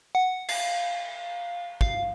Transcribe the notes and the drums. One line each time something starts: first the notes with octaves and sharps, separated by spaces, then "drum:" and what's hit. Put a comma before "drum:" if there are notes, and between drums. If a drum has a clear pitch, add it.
F#5
F5, drum: cymbal
F5, drum: kick